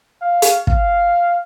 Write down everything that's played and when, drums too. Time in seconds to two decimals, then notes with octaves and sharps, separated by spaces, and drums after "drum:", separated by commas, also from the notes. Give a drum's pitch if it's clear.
0.21 F5
0.42 drum: hi-hat
0.67 F5, drum: kick